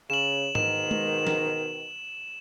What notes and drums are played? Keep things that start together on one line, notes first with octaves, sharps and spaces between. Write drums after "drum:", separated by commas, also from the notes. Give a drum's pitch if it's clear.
C#3 E7 F#7
G#2 B2 D#3 E7, drum: tom G#2
drum: tom G#3
drum: snare